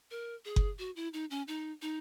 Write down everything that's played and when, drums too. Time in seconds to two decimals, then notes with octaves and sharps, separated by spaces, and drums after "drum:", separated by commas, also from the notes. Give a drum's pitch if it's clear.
0.11 A#4
0.45 G#4
0.56 drum: kick F#1
0.79 F#4
0.96 E4
1.13 D#4
1.31 C#4
1.48 D#4
1.82 D#4